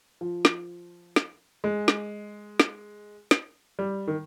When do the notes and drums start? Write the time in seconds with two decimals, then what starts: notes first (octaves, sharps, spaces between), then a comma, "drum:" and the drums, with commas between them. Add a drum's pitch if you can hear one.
0.21 F3
0.45 drum: snare
1.16 drum: snare
1.64 G#3
1.88 drum: snare
2.60 drum: snare
3.31 drum: snare
3.79 G3
4.08 D#3